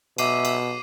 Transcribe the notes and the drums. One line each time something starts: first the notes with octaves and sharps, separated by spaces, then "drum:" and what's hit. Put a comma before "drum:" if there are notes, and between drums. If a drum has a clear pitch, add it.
B2 E5 D6 C7 D#7, drum: cymbal
drum: cymbal